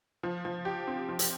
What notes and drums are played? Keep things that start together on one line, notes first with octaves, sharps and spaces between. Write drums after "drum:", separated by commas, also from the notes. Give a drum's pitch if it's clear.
F3
F3
G4
C4
F3
drum: hi-hat